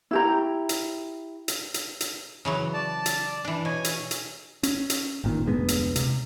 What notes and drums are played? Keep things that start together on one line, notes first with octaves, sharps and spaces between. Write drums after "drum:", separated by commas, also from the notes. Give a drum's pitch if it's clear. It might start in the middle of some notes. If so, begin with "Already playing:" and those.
E4 G4 A#5
drum: hi-hat
drum: hi-hat
drum: hi-hat
drum: hi-hat
C#3 E3 F#3
D5 A5
drum: hi-hat
E3 D4
B2 C#5 G#5
drum: hi-hat
drum: hi-hat
C#4, drum: hi-hat
drum: hi-hat
G#1 A#2 D#3
F1 D2 G#3 B3
drum: hi-hat
C3, drum: hi-hat